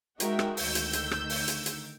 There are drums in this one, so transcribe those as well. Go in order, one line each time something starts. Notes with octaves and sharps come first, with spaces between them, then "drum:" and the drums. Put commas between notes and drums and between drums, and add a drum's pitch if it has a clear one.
G#3 D#4 F#4 A#4 E5 G5, drum: hi-hat
drum: rim click
D2 D#3 E6 G6, drum: open hi-hat
drum: hi-hat
drum: hi-hat
drum: rim click
drum: open hi-hat
drum: hi-hat
drum: hi-hat